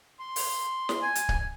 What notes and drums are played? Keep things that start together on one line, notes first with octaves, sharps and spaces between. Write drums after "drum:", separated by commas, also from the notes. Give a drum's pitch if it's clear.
C6
drum: open hi-hat
drum: snare
G#5
drum: hi-hat
drum: kick C#1